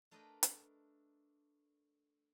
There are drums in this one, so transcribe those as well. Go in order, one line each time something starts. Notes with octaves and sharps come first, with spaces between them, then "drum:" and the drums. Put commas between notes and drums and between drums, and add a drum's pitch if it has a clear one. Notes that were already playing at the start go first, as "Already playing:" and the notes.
A3 D4 A#4 B4 D#5 G5
drum: hi-hat